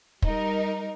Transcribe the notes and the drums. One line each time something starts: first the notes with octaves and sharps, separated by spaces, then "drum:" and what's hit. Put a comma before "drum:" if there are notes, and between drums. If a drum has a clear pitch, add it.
G3 D#4 A#4, drum: kick